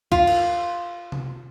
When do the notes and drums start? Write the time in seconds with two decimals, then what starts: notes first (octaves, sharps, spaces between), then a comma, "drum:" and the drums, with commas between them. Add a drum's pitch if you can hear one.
0.12 F4, drum: kick
0.27 drum: cymbal
1.12 drum: tom C3